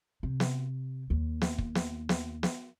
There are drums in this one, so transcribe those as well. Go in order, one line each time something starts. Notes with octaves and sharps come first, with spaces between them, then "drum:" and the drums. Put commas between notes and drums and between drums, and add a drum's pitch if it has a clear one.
C3
drum: snare
D#2
drum: snare
drum: kick
drum: snare
drum: snare
drum: snare